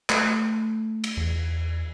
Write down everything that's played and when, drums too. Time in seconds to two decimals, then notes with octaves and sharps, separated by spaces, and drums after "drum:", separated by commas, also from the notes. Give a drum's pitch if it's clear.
0.10 A3, drum: clap
1.04 drum: cymbal
1.17 E2